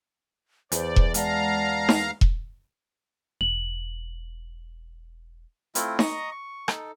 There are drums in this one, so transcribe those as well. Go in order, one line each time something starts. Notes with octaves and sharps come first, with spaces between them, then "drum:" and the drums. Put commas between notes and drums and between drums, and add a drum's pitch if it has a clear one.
E2 C5 D5, drum: hi-hat
drum: kick E1
G#3 D5 F5 F#5 A5 A#5, drum: hi-hat
drum: snare D#4
drum: kick E1
E1 F#7
A3 C4 E4 F4, drum: hi-hat
D#5 A#5 C#6 D#6, drum: snare D#4
C#6
D#4 A4, drum: rim click